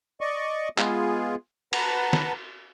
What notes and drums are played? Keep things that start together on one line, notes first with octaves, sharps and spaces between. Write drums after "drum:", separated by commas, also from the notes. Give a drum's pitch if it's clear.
D5 D#5 C#6
G#3 B3 F4 G#4, drum: clap
B4 F#5 A5 A#5, drum: cymbal
drum: snare